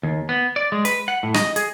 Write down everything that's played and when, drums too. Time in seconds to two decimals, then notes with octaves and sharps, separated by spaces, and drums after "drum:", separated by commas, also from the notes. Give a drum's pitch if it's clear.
0.03 D#2
0.29 B3
0.56 D5
0.72 G#3
0.85 B4, drum: hi-hat
1.08 F#5
1.23 A2
1.34 D#5, drum: rim click
1.56 G#4, drum: hi-hat